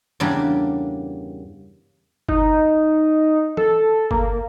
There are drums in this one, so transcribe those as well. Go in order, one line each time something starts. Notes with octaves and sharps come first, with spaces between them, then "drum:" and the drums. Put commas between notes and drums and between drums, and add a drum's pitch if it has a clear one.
E2 G2 C#3 G3 A#3 D4
D#4, drum: kick G1
A4, drum: tom E3
A#3, drum: kick G1